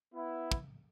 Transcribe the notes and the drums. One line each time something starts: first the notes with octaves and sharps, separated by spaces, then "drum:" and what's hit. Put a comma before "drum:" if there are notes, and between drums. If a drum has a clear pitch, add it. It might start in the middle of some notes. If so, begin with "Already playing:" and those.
B3 E4
drum: kick